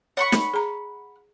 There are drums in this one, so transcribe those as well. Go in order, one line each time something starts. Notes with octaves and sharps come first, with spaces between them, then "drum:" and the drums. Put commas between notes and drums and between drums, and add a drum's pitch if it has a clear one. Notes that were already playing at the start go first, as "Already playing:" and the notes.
C#5 F#5 B5 C#6
drum: snare
G#4 A#5